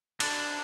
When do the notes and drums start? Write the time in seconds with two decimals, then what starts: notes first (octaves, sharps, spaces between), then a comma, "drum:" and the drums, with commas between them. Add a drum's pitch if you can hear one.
0.20 D4, drum: cymbal